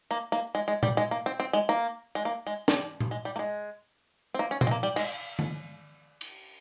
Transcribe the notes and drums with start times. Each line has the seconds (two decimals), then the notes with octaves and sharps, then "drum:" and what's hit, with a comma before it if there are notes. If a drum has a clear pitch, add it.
0.11 A#3
0.32 A#3
0.55 G#3
0.68 G#3
0.83 G3, drum: tom A#2
0.97 G#3
1.11 A#3
1.26 C4
1.40 C4
1.53 G#3
1.69 A#3
2.15 G#3
2.25 A#3
2.47 G#3
2.68 G3, drum: snare
3.00 drum: tom A#2
3.11 G#3
3.25 G3
3.36 A#3
3.39 G#3
4.34 C4
4.39 A#3
4.51 C#4
4.61 C4, drum: tom A#2
4.67 G#3
4.71 A#3
4.83 G3
4.96 G#3, drum: cymbal
5.39 drum: tom D3
6.21 drum: cymbal